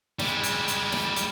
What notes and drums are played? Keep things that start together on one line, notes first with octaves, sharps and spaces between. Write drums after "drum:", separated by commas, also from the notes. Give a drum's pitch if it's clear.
G3 G#3, drum: snare
drum: hi-hat
drum: hi-hat
drum: snare
drum: hi-hat